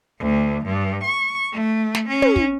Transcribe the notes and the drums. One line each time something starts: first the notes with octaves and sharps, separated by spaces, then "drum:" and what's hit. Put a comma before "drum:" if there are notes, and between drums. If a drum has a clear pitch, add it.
D2
G2
C#6
A3
drum: snare
C#4
drum: tom
drum: kick